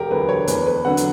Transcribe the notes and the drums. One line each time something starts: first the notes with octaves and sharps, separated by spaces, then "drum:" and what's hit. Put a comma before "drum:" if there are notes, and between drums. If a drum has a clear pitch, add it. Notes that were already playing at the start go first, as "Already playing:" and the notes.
Already playing: E1 G4 A#4
D2 D3 F#3 B4
C#5
E2 B4, drum: hi-hat
B4
D3 F#3 F#5
drum: hi-hat